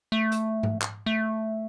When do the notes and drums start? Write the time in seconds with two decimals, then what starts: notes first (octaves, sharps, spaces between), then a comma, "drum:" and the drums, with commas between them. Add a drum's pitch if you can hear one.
0.12 A3
0.32 drum: hi-hat
0.63 drum: tom G#2
0.82 drum: clap
1.06 A3